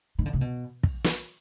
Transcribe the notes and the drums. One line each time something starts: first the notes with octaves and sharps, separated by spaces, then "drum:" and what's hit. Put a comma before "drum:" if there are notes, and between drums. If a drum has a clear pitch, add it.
D#3
D3
C3
B2
drum: kick
drum: snare